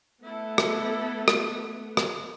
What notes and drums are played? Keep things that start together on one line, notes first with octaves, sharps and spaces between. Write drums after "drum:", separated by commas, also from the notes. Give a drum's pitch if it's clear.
A3 B3 E4 A4
drum: rim click
drum: rim click
drum: rim click